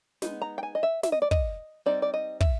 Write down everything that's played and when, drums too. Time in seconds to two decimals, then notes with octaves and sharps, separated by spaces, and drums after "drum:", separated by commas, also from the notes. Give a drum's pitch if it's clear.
0.22 G#3 B3 D#4, drum: snare
0.42 A#5
0.58 G5
0.63 G#5
0.75 D#5
0.83 E5
1.03 E5, drum: snare
1.12 D#5
1.22 D5
1.31 D#5, drum: kick
1.86 G3 C4 D#4 D5
2.02 D5
2.14 D#5
2.40 E5, drum: kick